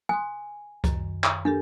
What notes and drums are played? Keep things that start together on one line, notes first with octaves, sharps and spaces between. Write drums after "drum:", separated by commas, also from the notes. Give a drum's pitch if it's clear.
G#5 C6 D#6 F#6
F#2 D#3, drum: kick C#2, hi-hat
drum: clap
D4 G4 A4 A#4